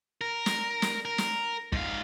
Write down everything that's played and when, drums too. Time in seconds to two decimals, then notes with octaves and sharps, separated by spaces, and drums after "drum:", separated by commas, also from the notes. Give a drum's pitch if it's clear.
0.21 A#4
0.46 drum: snare
0.82 drum: snare
1.05 A#4
1.18 drum: snare
1.72 G#2 F5, drum: kick